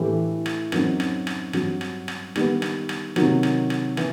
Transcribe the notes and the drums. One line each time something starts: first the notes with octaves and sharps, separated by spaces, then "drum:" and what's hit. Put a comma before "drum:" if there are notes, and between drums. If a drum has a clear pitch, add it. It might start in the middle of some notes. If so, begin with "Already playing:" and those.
Already playing: A2 E3 A3 E4 G4
drum: rim click
F#2 F#3 C4 D#4, drum: rim click
drum: rim click
drum: rim click
G2 F#3 C4 F#4, drum: rim click
drum: rim click
drum: rim click
D#3 G3 B3, drum: rim click
drum: rim click
drum: rim click
C3 D#3 F#3, drum: rim click
drum: rim click
drum: rim click
E3, drum: rim click